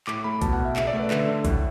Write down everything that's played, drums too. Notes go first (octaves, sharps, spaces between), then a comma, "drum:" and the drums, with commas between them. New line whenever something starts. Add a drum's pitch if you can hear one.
A2 D6, drum: clap
A3 B5
B2 A5, drum: kick A#1, hi-hat
F#5
B2
E5
C#3 E5, drum: clap
D5
A3
B4
D3 E5, drum: clap
D3
A2, drum: kick A#1, hi-hat